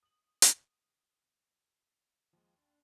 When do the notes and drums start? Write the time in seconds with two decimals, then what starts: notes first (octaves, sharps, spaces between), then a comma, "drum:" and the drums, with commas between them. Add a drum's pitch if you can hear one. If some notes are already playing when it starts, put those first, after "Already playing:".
0.03 D#6 F#7
0.42 drum: hi-hat
2.33 D#2 F3 G#3
2.58 D4